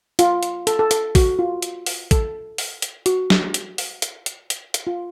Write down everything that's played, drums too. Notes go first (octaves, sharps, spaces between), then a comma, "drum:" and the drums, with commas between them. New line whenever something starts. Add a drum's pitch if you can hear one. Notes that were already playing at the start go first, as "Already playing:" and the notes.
F4, drum: hi-hat
drum: hi-hat
A4, drum: hi-hat
A4
A4, drum: hi-hat
F#4, drum: kick, open hi-hat
F4
drum: hi-hat
drum: open hi-hat
A4, drum: kick, hi-hat
drum: open hi-hat
drum: hi-hat
F#4, drum: hi-hat
drum: snare
drum: hi-hat
drum: open hi-hat
drum: hi-hat
drum: hi-hat
drum: hi-hat
drum: hi-hat
F4